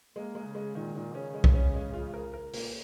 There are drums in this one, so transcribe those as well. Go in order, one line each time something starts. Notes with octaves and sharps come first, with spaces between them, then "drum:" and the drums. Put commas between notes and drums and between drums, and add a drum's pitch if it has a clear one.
G#3 A#3
G#3
C#3
G#3
A#2 D#3
A#2 D#3
C#3 C#4
G#3
drum: kick
C#4
G#3
F4
A#4
A#4
A#2 A#3, drum: open hi-hat